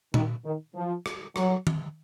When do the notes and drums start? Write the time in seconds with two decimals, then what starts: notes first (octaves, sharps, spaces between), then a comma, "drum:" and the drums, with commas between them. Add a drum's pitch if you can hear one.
0.14 D#3, drum: tom
0.45 D#3
0.75 F3
1.06 drum: rim click
1.36 F#3, drum: rim click
1.67 drum: tom D#3